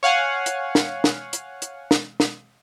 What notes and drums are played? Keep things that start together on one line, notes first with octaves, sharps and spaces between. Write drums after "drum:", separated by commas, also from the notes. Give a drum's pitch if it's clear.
C#5 F5 F#5 G#5
drum: hi-hat
drum: snare
drum: snare
drum: hi-hat
drum: hi-hat
drum: snare
drum: snare